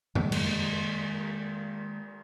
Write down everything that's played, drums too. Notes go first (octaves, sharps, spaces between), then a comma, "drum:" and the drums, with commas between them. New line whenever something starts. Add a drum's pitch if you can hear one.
D#3 G#3 A#3, drum: tom F2
drum: cymbal